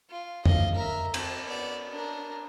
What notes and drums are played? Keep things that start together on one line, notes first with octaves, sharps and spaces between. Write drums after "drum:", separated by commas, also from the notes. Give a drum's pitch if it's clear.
F4
D#5 F5, drum: tom F2
A#4 E5
C4 A5, drum: cymbal
B3 D5
D4 A#4